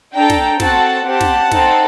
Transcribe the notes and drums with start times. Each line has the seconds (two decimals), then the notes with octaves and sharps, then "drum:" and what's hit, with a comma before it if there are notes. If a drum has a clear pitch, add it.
0.14 D4 A4 G5 A#5
0.30 drum: snare
0.60 C4 F#4 A4 F#5 A5, drum: snare
1.05 C4 G4 F#5 A5
1.21 drum: snare
1.51 C4 D#4 A4, drum: snare